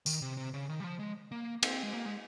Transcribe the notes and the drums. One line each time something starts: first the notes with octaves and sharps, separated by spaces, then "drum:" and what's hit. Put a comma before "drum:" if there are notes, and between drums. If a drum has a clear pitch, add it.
D#3, drum: tambourine
C3
C3
C#3
D#3
G3
F3
G#3
A#3
C4, drum: cymbal
G#3
A#3
G#3